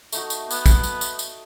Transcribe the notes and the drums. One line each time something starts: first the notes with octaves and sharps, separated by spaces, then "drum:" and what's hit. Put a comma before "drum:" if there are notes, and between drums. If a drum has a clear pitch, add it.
A3 D#4 F#4, drum: tambourine
drum: tambourine
B3, drum: tambourine
drum: kick, tambourine
drum: tambourine
drum: tambourine
drum: tambourine